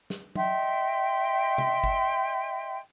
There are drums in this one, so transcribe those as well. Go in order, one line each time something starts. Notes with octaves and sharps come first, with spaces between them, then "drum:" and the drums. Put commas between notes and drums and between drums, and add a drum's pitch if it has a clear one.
drum: snare
D#5 E5 G5 C6, drum: tom F#3
drum: tom C3
drum: kick G1